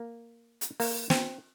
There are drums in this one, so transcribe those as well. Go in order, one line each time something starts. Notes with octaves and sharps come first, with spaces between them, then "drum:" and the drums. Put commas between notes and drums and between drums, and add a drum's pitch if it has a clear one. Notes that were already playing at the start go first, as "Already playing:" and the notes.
Already playing: A#3
drum: hi-hat
A#3, drum: open hi-hat
C4, drum: snare